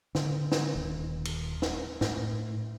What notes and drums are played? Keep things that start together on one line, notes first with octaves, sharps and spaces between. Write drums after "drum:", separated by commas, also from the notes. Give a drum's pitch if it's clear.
D3, drum: snare
drum: snare
D#1
drum: cymbal
drum: snare
A2, drum: snare